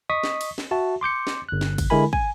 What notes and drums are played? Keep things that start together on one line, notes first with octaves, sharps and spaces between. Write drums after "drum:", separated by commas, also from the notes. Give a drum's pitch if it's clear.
D#5 C#6 D#6 B6
drum: snare
drum: cymbal
drum: snare
F#4 E5 A5
C6 D6 G6 C#7
drum: snare
G1 F#6
drum: snare
drum: kick, cymbal
D3 G#3 E4 A#4 G#5 B5
G#5, drum: kick